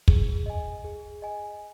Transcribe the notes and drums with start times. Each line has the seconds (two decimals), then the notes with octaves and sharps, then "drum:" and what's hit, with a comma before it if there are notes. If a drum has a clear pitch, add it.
0.08 G#4, drum: kick
0.46 D#5 G#5
0.84 G#4
1.22 D#5 G#5